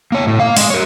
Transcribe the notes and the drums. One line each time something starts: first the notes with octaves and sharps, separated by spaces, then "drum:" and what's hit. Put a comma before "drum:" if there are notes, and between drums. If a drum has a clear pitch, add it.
A#3 C#5
A2
A#3 F5
G#3, drum: open hi-hat
A#4 C#5